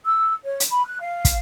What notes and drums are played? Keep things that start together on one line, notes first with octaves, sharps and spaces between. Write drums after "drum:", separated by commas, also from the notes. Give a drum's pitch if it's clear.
E6
C#5
drum: hi-hat
B5
F#6
F5
drum: kick, hi-hat